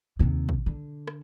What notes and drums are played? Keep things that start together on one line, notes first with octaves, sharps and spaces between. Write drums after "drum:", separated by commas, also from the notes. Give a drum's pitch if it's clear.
D#2 C3
drum: kick
D3
drum: rim click